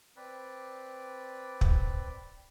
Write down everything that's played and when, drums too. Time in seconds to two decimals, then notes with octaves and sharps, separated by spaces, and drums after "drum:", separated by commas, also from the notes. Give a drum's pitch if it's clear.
0.16 C4 B4 D5
1.61 drum: kick